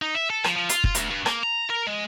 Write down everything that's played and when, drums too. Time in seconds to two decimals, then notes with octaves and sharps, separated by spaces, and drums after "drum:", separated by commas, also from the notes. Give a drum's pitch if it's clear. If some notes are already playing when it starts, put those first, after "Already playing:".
0.02 D#4
0.15 E5
0.30 A4
0.44 F3, drum: rim click
0.56 F3
0.69 F4, drum: hi-hat
0.84 drum: kick
0.95 D2, drum: hi-hat
1.10 G2
1.26 A#3, drum: rim click
1.43 A#5
1.70 A#4
1.87 G#3